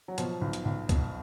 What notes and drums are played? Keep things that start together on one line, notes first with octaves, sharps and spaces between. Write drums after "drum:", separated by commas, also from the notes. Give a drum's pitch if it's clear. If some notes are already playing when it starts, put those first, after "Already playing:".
F#3
B2 F3, drum: hi-hat
B1
drum: hi-hat
B1
B2, drum: kick C#2, hi-hat